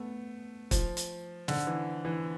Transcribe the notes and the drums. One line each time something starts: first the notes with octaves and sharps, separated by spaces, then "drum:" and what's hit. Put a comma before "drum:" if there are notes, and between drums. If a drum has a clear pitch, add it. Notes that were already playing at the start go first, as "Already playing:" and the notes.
Already playing: A3 B3
F3, drum: kick, hi-hat
drum: hi-hat
D3, drum: snare
E3
E3